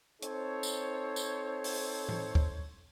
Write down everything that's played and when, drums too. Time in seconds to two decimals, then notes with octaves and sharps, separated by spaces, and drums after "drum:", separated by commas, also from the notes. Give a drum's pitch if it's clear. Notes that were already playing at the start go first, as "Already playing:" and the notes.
0.22 C4 D#4 A4 C5 C#5, drum: hi-hat
0.63 drum: tambourine
1.16 drum: tambourine
1.64 drum: open hi-hat
2.09 drum: tom A2
2.35 drum: kick